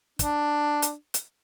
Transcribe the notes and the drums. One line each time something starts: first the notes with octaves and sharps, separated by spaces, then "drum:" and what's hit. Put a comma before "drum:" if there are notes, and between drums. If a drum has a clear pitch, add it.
D4, drum: kick, hi-hat
drum: hi-hat
drum: hi-hat